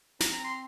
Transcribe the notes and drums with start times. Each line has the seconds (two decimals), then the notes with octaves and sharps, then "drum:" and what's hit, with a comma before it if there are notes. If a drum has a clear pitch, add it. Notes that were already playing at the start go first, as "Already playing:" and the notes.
0.20 C4 A#5, drum: snare
0.32 A#5
0.44 C6